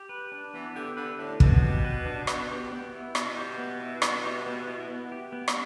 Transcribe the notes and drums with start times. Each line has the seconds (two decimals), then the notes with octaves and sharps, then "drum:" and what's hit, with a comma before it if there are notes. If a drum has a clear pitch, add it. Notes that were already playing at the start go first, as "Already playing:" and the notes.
Already playing: G4
0.09 B4
0.32 D4
0.54 E3 B3
0.75 D3 G4
0.97 D3 B4
1.19 A2 D4
1.40 B2 B3, drum: kick
1.62 G4
1.85 B4
2.06 D4
2.27 B3, drum: rim click
2.49 G4
2.72 B3
2.93 E4
3.15 B2 B3, drum: rim click
3.37 G4
3.58 B3
3.80 E4
4.02 B3, drum: rim click
4.24 G4
4.46 B3
4.67 E4
4.89 B3
5.12 G4
5.32 B3
5.48 drum: rim click